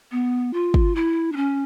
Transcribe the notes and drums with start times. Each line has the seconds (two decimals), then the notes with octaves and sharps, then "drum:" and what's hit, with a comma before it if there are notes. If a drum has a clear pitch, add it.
0.11 B3
0.53 F4
0.74 drum: kick
0.95 E4
1.32 D4
1.36 C#4